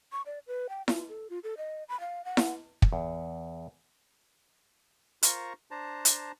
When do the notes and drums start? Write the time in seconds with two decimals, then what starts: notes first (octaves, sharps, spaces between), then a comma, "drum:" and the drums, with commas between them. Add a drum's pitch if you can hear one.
0.12 C#6
0.26 D5
0.47 B4
0.69 G5
0.88 F4, drum: snare E4
1.09 A4
1.30 F4
1.44 A4
1.57 D#5
1.89 B5
2.00 F5
2.25 F#5
2.37 drum: snare E4
2.82 drum: kick
2.93 E2
5.23 F4 A#4 C5 A#5 C#6, drum: hi-hat
5.71 D4 C5 A5 A#5
6.05 drum: hi-hat